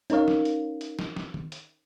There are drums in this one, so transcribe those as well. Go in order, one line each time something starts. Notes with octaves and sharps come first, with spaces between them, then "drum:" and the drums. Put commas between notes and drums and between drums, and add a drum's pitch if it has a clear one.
C#4 D#4 A#4 C#5 F5, drum: hi-hat
drum: snare
drum: hi-hat
drum: hi-hat
drum: snare
drum: snare
drum: tom
drum: hi-hat